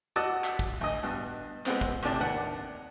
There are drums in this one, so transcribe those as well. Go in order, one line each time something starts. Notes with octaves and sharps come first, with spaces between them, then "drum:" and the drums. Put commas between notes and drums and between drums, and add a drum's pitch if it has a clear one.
F#4 D5 D#5 F#5 A5 E6
drum: clap
drum: kick
D2 D#5
G2 B2
G#3 B3 C4, drum: clap
drum: kick
A1 A2 C3 D4 G4 A5
D#2 D4 F#5